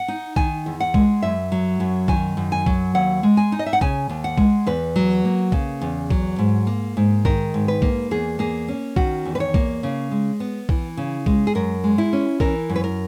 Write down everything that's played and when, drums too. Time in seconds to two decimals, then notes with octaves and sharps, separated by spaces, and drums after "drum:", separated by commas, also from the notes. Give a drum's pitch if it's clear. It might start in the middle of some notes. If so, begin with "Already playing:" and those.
Already playing: F#5
0.08 D#4
0.36 D#3 G#5, drum: kick B1
0.66 E2
0.80 F#5
0.94 G#3, drum: kick B1
1.22 F#2 E5
1.52 F#3
1.80 F#2
2.08 D#3 G#5, drum: kick B1
2.37 F#2
2.52 G#5
2.66 F#3, drum: kick B1
2.95 D#2 F#5
3.23 G#3
3.37 G#5
3.52 D#4
3.59 D#5
3.66 E5
3.73 F#5
3.81 C#3 G#5, drum: kick B1
4.09 D#2
4.24 F#5
4.38 G#3, drum: kick B1
4.66 E2 B4
4.96 F#3
5.25 A#3
5.52 C#3, drum: kick B1
5.81 E2
6.10 F#3, drum: kick B1
6.38 G#2
6.67 A#3
6.97 G#2
7.25 D#3 A#4, drum: kick B1
7.54 G#2
7.68 B4
7.82 A#3, drum: kick B1
8.11 E2 G#4
8.39 A#3 G#4
8.68 C#4
8.96 D#3 F#4, drum: kick B1
9.25 E2
9.35 B4
9.40 C#5
9.54 A#3, drum: kick B1
9.83 C#3
10.11 G#3
10.40 B3
10.69 E3, drum: kick B1
10.97 C#3
11.26 G#3, drum: kick B1
11.47 G#4
11.55 F#2 A#4
11.84 G#3
11.98 E4
12.13 C#4
12.40 E3 A#4, drum: kick B1
12.69 F#2
12.76 B4
12.84 A#4